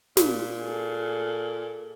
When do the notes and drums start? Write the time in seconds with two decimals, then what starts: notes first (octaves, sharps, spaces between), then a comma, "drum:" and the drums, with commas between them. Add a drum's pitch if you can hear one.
0.17 A#2, drum: snare
0.60 G#4 A4